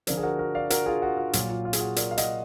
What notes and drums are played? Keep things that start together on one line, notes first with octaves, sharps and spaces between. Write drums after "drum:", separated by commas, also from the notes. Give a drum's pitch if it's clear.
D3 F3 A#4 D5, drum: hi-hat
G#4
F#4 A#4
F#4 A#4
D5 F5
F#4 A#4, drum: hi-hat
F4 G#4
F#4
F4
A#2 F#3 F4, drum: hi-hat
F4
F4
G#4, drum: hi-hat
F#4
A#4 D5, drum: hi-hat
F5
D#5 F#5, drum: hi-hat